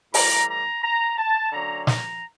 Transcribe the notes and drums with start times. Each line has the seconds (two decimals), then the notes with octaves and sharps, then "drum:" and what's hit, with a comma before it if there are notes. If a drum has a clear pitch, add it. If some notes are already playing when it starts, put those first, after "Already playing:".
0.14 A2 E3 G3 A#5, drum: open hi-hat
0.48 A#5
0.83 A#5
1.18 A5
1.52 D3 F#3 A#3 C#4 A#5
1.87 A#5, drum: snare